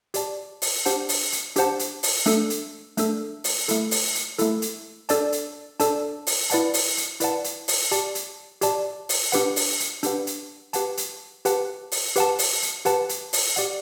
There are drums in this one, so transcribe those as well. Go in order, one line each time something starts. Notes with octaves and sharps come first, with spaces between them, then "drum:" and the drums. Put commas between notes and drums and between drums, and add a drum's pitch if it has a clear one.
G4 D5 A5, drum: hi-hat
drum: open hi-hat
D4 G4 C5 F#5 A5, drum: hi-hat
drum: open hi-hat
drum: hi-hat
D4 G4 C5 F#5 A5, drum: hi-hat
drum: hi-hat
drum: open hi-hat
A3 D4 A4, drum: hi-hat
drum: hi-hat
A3 D4 A4, drum: hi-hat
drum: open hi-hat
A3 E4 A4, drum: hi-hat
drum: open hi-hat
drum: hi-hat
A3 E4 A4, drum: hi-hat
drum: hi-hat
D4 A4 D5 A5, drum: hi-hat
drum: hi-hat
D4 A4 D5 A5, drum: hi-hat
drum: open hi-hat
E4 B4 D5 F#5 A5, drum: hi-hat
drum: open hi-hat
drum: hi-hat
E4 B4 D5 F#5 A5, drum: hi-hat
drum: hi-hat
drum: open hi-hat
G4 D5 A5, drum: hi-hat
drum: hi-hat
G4 D5 A5, drum: hi-hat
drum: open hi-hat
D4 G4 B4 F#5, drum: hi-hat
drum: open hi-hat
drum: hi-hat
D4 G4 B4 F#5, drum: hi-hat
drum: hi-hat
G4 B4 F#5 A5, drum: hi-hat
drum: hi-hat
G4 B4 F#5 A5, drum: hi-hat
drum: open hi-hat
G4 B4 F#5 A5, drum: hi-hat
drum: open hi-hat
drum: hi-hat
G4 B4 F#5 A5, drum: hi-hat
drum: hi-hat
drum: open hi-hat
G4 D5 F#5, drum: hi-hat